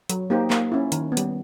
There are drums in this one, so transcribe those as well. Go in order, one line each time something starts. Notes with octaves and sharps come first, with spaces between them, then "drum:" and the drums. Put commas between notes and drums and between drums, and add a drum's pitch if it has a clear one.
F#3, drum: hi-hat
A#3 D#4 G4 C5
A#3, drum: clap
C#4 E4
D#3, drum: hi-hat
B3
G3, drum: hi-hat